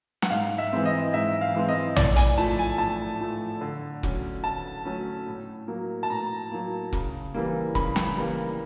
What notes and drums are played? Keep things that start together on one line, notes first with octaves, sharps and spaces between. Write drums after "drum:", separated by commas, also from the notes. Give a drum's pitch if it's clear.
F#5, drum: snare
G#2 F5
E5
E3 G#3 C4
D#5
G#2 E5
F5
E3 G#3 C4
D#5
A2 D5, drum: tom A#1
G#5, drum: hi-hat
F3 A3 A5
G#5
A2 A5
F3 A3
D3
F#3 A3 C#4, drum: kick
D3 A5
F#3 A3 C#4
A2
F#3 A#3
A5
A2 A#5
F#3 A#3
C#3, drum: kick
E3 G3 A#3
C#3 B5, drum: kick
drum: snare
E3 G3 A#3